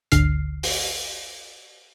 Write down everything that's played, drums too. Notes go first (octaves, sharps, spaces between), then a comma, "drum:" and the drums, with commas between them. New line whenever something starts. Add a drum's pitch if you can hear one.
G#1 D2 D3 F6 C7, drum: hi-hat
drum: open hi-hat